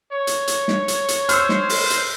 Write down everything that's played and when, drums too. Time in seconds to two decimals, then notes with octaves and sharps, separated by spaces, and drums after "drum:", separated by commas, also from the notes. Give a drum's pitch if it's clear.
0.12 C#5
0.27 drum: hi-hat
0.48 drum: hi-hat
0.68 drum: snare
0.88 drum: hi-hat
1.08 drum: hi-hat
1.29 C5 E6 F6, drum: hi-hat
1.49 drum: snare
1.69 drum: open hi-hat
1.90 drum: hi-hat